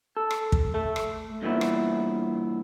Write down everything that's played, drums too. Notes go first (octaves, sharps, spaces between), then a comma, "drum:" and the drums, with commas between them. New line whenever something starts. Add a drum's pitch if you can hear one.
A4
drum: rim click
drum: kick
A3 A4
drum: rim click
E2 G2 A#2 B3 E4
drum: rim click